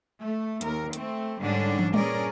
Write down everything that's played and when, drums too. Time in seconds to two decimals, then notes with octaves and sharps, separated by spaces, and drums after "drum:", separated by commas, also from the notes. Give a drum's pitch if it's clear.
0.21 A3
0.61 D#2 A#4, drum: hi-hat
0.93 A3 C4, drum: hi-hat
1.42 G#2 D3 G3 C#4 D4
1.79 drum: tom
1.94 G2 A#2 C#4 G#4 A#4 D5, drum: tom G3